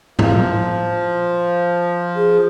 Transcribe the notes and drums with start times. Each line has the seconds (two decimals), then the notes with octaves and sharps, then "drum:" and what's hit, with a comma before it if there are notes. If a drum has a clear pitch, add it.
0.19 F3, drum: tom A2
2.16 G#4